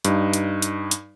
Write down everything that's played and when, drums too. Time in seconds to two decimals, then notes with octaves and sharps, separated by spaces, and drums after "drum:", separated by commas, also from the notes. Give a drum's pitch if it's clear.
0.05 G2 D#4, drum: hi-hat
0.33 drum: hi-hat
0.62 drum: hi-hat
0.91 drum: hi-hat